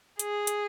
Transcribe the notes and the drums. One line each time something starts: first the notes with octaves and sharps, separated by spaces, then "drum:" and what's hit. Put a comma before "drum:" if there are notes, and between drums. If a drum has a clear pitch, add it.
G#4, drum: hi-hat
drum: hi-hat